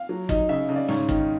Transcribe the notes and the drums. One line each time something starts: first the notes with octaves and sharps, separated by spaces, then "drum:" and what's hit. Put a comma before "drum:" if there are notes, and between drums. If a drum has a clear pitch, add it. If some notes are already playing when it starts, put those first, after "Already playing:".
Already playing: F5
F#3
D#4, drum: kick
C#3 E5
C#3
D5
G#2 C#5, drum: snare
D#3, drum: kick